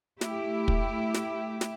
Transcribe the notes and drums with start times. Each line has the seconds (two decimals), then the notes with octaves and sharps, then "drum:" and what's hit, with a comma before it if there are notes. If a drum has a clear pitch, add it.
0.21 A3 E4 G4, drum: snare
0.68 drum: kick
1.14 drum: snare
1.61 drum: snare